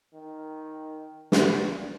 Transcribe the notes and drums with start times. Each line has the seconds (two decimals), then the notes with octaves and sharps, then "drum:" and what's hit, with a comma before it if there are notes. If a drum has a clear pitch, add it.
0.14 D#3
1.32 A#2, drum: snare